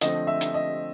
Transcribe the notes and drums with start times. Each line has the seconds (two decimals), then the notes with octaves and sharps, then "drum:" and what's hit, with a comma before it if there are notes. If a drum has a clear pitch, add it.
0.01 D3 F3 A3 C4 D#5, drum: hi-hat
0.27 E5
0.41 drum: hi-hat
0.54 D#5